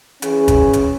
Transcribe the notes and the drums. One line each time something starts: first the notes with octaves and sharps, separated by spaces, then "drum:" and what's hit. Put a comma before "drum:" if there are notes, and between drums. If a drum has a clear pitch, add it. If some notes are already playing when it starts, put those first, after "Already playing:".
E3 C#4 G#4, drum: hi-hat
drum: kick, hi-hat
drum: hi-hat